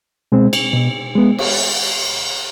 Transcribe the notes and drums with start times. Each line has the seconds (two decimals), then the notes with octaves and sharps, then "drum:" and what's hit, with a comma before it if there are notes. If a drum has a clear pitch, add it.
0.32 B2 G#3 C4
0.53 drum: cymbal
0.73 B2
1.15 G#3 B3
1.38 drum: cymbal